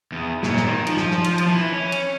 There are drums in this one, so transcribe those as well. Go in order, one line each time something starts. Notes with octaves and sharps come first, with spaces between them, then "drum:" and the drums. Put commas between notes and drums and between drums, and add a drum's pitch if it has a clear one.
E2
A#2, drum: snare
drum: snare
D#3
F3, drum: cymbal
drum: snare
drum: snare
drum: cymbal
drum: cymbal
E3
C#4
drum: cymbal